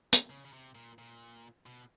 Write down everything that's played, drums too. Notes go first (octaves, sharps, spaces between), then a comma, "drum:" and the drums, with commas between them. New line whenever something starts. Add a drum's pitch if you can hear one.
drum: hi-hat
C#3
C#3
C3
A#2
A#2
B2